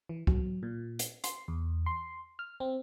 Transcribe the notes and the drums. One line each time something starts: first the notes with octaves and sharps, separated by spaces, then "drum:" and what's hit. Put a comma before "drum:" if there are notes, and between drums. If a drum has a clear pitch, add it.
E3
F#3, drum: kick C2
A#2
drum: hi-hat
C6, drum: hi-hat
E2
C6
F6
C4